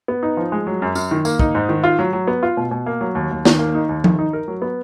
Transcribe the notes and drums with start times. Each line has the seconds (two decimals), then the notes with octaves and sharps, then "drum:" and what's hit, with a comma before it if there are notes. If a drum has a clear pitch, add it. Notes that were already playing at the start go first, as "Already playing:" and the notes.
0.08 B3
0.23 D#4
0.37 F3
0.52 G#3
0.67 F#3
0.82 F#2
0.95 F#2, drum: tambourine
1.11 D#3
1.25 A#3, drum: tambourine
1.39 D#4, drum: kick
1.55 G#2
1.69 D#3
1.84 F4
1.99 F#3
2.13 F#3
2.27 B3
2.43 F4
2.57 B2
2.71 B2
2.86 A#3
3.01 F#3
3.15 D#2
3.31 D#2
3.45 D#3, drum: snare
3.59 A#3
3.75 D#4
3.89 D#2
4.04 D#3, drum: tom F3
4.19 D#4
4.33 A#4
4.48 F#3
4.62 B3